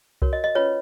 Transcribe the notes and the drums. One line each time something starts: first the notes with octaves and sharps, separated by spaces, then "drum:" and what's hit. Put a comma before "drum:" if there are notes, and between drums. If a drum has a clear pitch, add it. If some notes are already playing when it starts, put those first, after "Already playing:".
F#4 A#4 C#5, drum: kick C2
D#5
D#5
C#4 F4 B4 C#5